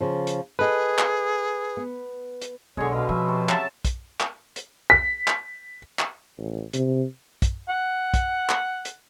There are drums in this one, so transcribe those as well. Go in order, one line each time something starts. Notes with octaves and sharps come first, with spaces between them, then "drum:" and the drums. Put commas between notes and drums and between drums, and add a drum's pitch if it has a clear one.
C#3 F3
drum: hi-hat
G#4 A4 B4 D#5
drum: clap
B3
drum: hi-hat
B1 D3 G#3 G#4 C#5
B2 C#4 B4 F5
F3 E5
C3 C5 A5
C#3 F#3 E5 A5, drum: clap
drum: kick, hi-hat
drum: clap
drum: hi-hat
B6
drum: clap
drum: clap
A1
C3, drum: hi-hat
drum: kick, hi-hat
F#5
drum: kick, hi-hat
drum: clap
drum: hi-hat